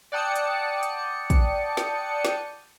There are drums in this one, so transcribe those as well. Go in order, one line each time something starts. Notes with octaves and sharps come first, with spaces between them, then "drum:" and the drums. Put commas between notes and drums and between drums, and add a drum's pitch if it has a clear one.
D5 F#5 G5 A5 D#6 C#7
drum: hi-hat
drum: hi-hat
drum: kick, hi-hat
drum: snare
drum: snare